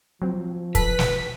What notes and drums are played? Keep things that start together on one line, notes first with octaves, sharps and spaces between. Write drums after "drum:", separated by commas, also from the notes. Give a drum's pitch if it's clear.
F3 F#3 C4
A4 B4 B6, drum: kick, hi-hat
drum: snare